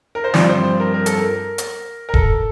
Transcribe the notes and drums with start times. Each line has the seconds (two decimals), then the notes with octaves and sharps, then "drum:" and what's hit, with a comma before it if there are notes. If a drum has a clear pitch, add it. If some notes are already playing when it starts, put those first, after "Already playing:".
0.15 A#4
0.24 C5
0.34 G2 F3 C4 D5, drum: snare
0.49 C5
0.64 C5
0.80 A#4
0.94 A#4
1.06 A4, drum: hi-hat
1.18 A#4
1.58 drum: hi-hat
2.09 A#4
2.14 A4, drum: kick D#1